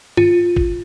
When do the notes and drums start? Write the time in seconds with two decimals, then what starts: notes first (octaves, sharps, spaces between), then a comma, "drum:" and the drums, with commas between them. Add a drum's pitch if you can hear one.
0.17 F4, drum: tom G2
0.56 drum: kick